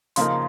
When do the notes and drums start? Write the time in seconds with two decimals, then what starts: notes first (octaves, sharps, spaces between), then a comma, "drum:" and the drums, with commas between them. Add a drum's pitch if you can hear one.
0.16 C#3 F3 A#3 D#4 A#4 C6, drum: hi-hat